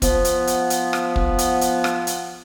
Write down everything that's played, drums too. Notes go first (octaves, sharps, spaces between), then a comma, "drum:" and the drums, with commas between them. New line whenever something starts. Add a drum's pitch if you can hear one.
F3 B3, drum: kick, hi-hat
drum: hi-hat
drum: hi-hat
drum: hi-hat
drum: rim click
drum: kick
drum: hi-hat
drum: hi-hat
drum: rim click
drum: hi-hat